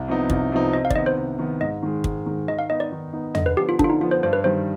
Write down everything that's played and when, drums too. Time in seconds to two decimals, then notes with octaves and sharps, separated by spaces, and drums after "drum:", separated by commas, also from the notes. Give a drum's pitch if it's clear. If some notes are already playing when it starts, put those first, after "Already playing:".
Already playing: C2
0.08 C3 F3 B3 D#4
0.30 C2, drum: kick
0.52 C3 F3 B3 D#4
0.73 C3 D#5
0.85 F5
0.90 D5, drum: kick
0.95 D#3 B3 D#5
1.06 C5
1.17 C3
1.39 D#3 B3
1.61 G#2 D#5
1.82 D#3 G#3
2.04 G#2, drum: kick
2.26 D#3 G#3
2.48 D#3 D#5
2.59 F5
2.70 B3 D#4 D#5
2.80 D5
2.92 D#3
3.13 B3 D#4
3.35 D3 D#5, drum: tom E2
3.46 B4
3.57 F3 B3 G4
3.69 F4
3.79 D3 D4, drum: kick
3.84 F4
3.90 D#4
4.01 F3 B3 F4
4.11 C5
4.23 G2 C5
4.33 B4
4.44 D#3 G3 C5